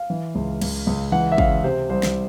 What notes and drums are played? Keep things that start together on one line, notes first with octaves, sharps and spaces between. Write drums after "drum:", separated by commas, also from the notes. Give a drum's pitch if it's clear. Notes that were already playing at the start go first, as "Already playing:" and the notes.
Already playing: F5
E3
C#2
C#2, drum: cymbal
C#2
E3 F#5
E5
C#3 F5, drum: kick
C3 C5
C2 C5
drum: snare